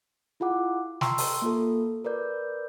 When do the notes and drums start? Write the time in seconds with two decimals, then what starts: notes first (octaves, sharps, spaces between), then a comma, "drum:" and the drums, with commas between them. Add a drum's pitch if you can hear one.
0.40 E4 F4 G#4 F#5 D6
1.01 G5 A5 A#5 C6 C#6 E6, drum: snare
1.18 drum: open hi-hat
1.42 A#3 F4 A4
2.05 A#4 B4 D5 G6